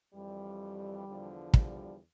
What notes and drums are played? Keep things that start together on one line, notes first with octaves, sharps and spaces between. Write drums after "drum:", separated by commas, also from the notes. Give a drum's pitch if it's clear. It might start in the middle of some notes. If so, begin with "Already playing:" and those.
F2 E3 G3
E2 D3 F3
G3, drum: kick